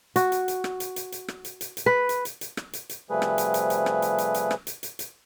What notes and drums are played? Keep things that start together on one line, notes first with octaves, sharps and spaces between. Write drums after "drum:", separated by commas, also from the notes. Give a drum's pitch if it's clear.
F#4, drum: hi-hat
drum: hi-hat
drum: hi-hat
drum: rim click
drum: hi-hat
drum: hi-hat
drum: hi-hat
drum: rim click
drum: hi-hat
drum: hi-hat
drum: hi-hat
B4
drum: hi-hat
drum: hi-hat
drum: hi-hat
drum: rim click
drum: hi-hat
drum: hi-hat
C3 F3 G3 A3 G#4 B4
drum: rim click
drum: hi-hat
drum: hi-hat
drum: hi-hat
drum: rim click
drum: hi-hat
drum: hi-hat
drum: hi-hat
drum: rim click
drum: hi-hat
drum: hi-hat
drum: hi-hat